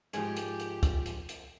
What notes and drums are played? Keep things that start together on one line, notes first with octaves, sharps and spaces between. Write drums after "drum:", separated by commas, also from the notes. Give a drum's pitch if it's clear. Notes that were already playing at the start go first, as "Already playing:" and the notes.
G#2 F3 G4 G#4 G#5 G#6, drum: hi-hat
drum: hi-hat
drum: hi-hat
drum: kick, hi-hat
drum: hi-hat
drum: hi-hat